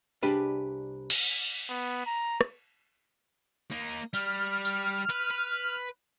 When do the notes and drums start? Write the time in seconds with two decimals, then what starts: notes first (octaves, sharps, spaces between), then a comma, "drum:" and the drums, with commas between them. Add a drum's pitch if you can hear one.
0.23 C2 D4 G4 G#4 B4 A5
1.10 drum: cymbal
1.69 B3
2.06 A#5
2.41 drum: rim click
3.72 A#3 D#4
4.14 G3 F6, drum: tambourine
4.65 drum: tambourine
5.10 B4, drum: hi-hat
5.31 B4